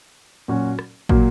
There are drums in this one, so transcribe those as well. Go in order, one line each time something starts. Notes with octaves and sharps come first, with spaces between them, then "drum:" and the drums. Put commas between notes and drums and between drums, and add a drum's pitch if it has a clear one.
A#2 F#3 C#4 F#4
drum: rim click
A#2 F#3 A#3, drum: kick